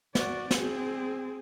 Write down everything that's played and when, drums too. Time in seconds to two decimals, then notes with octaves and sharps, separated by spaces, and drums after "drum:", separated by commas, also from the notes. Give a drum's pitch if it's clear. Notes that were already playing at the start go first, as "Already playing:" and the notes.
0.15 F#4 D5, drum: snare
0.51 C4 G#4, drum: snare